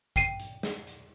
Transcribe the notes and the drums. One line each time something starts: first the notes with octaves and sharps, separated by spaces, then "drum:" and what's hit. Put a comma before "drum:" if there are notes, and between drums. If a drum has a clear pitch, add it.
G5 C7 D#7, drum: kick A1, hi-hat
drum: hi-hat
drum: snare
drum: hi-hat